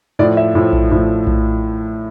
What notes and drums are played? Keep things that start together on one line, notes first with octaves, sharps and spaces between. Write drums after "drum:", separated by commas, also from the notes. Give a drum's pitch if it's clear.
A2 F3 D5
E5
A2 F3
drum: kick A#1
A2 F3
drum: kick A#1